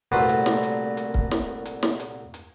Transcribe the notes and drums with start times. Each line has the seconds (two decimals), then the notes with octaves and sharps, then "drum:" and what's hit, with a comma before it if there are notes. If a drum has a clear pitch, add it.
0.12 C2 A#2 A3 F#4 B4 C5
0.29 drum: hi-hat
0.46 drum: snare
0.63 drum: hi-hat
0.97 drum: hi-hat
1.14 drum: kick C#1
1.31 drum: snare
1.66 drum: hi-hat
1.83 drum: snare
2.00 drum: hi-hat
2.34 drum: hi-hat